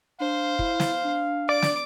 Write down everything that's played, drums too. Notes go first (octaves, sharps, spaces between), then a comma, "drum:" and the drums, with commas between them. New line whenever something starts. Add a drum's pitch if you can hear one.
D4 C5 F5
E4, drum: kick
drum: snare
D4
D5 D6
drum: snare